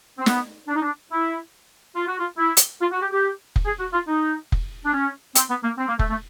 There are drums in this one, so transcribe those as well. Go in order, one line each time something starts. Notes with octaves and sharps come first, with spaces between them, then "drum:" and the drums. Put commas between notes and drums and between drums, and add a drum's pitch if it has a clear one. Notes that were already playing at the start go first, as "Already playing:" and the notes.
C4
B3, drum: snare
D4
D#4
D4
E4
F4
F#4
F4
E4
drum: hi-hat
F4
F#4
G4
G4
drum: kick F1
G#4
F#4
F4
D#4
drum: kick F1
D4
C#4
C4, drum: hi-hat
B3
A#3
C4
A#3
A3, drum: kick F1
A3